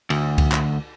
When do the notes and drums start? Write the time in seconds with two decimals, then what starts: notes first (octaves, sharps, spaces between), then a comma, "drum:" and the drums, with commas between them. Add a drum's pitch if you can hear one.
0.10 D2, drum: cymbal
0.38 drum: kick C#2, cymbal
0.52 drum: clap